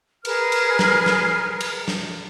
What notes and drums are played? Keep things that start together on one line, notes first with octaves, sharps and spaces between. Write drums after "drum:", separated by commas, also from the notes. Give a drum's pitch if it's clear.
G#4 A#4 B4 F6, drum: cymbal
drum: cymbal
drum: snare
drum: snare
drum: cymbal
drum: snare